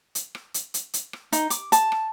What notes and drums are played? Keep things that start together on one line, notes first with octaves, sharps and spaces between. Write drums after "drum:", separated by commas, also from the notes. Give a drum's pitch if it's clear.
drum: hi-hat
drum: rim click
drum: hi-hat
drum: hi-hat
drum: hi-hat
drum: rim click
D#4, drum: hi-hat
D6, drum: hi-hat
A5, drum: hi-hat
drum: rim click